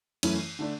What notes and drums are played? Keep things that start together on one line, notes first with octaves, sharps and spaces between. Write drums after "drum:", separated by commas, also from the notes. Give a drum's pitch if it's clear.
F#2 E3 A3 C#4 E4, drum: cymbal
D3 A3 D4